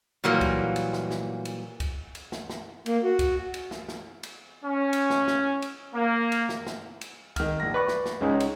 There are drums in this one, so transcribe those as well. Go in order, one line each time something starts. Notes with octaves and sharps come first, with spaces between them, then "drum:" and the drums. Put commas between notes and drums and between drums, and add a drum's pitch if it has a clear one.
A#2 E3 F#3 G3 A#3
drum: kick C2, cymbal
drum: cymbal
drum: snare
drum: snare
drum: cymbal
drum: kick C2, cymbal
drum: cymbal
drum: snare
drum: snare
A#3, drum: cymbal
F#4
drum: kick C2, cymbal
drum: cymbal
drum: snare
drum: snare
drum: cymbal
C#4
drum: cymbal
drum: snare
drum: snare
drum: cymbal
A#3
drum: cymbal
drum: snare
drum: snare
drum: cymbal
D#3 F6, drum: kick C2, cymbal
A#1 A#6
B4 D5 C#6
drum: snare
drum: snare
C#2 G#3 C#4 D#4
drum: cymbal